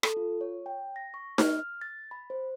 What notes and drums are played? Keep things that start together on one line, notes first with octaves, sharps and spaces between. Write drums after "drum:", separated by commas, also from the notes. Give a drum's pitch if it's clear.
A4, drum: rim click
F4
C#5
G5
A#6
C#6
F6, drum: snare D#4
A6
B5
C5